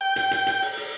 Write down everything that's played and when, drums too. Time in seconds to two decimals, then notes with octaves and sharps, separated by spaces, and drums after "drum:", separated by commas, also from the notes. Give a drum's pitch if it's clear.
0.01 G5
0.16 drum: hi-hat
0.31 drum: hi-hat
0.47 drum: hi-hat
0.62 drum: open hi-hat
0.77 drum: open hi-hat